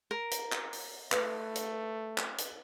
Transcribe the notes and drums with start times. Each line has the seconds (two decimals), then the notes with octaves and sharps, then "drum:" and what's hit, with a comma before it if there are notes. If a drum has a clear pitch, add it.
0.11 A#4
0.31 drum: hi-hat
0.52 drum: clap
0.73 drum: open hi-hat
1.12 A3 B4, drum: clap
1.56 drum: hi-hat
2.18 drum: clap
2.38 drum: hi-hat